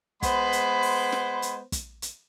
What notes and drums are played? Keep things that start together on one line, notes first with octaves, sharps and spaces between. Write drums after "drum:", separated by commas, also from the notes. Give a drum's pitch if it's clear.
G#3 B3 B4 C5 B5 C6, drum: kick, hi-hat
drum: hi-hat
drum: open hi-hat
drum: snare
drum: hi-hat
drum: kick, hi-hat
drum: hi-hat